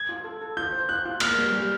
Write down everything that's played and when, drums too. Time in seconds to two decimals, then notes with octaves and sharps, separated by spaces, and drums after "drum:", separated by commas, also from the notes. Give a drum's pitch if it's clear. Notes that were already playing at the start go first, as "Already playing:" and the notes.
Already playing: G#6
0.09 F4
0.24 A4
0.42 A4
0.57 F4 G6
0.72 C5
0.89 F4 F#6
1.06 F4
1.20 A#3 F6, drum: cymbal
1.37 G3
1.53 G3